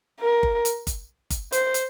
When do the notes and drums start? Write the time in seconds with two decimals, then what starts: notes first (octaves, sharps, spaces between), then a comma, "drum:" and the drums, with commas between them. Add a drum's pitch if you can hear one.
0.21 A#4
0.43 drum: kick G1
0.65 drum: hi-hat
0.87 drum: kick G1, hi-hat
1.30 drum: kick G1, hi-hat
1.52 C5, drum: hi-hat
1.74 drum: hi-hat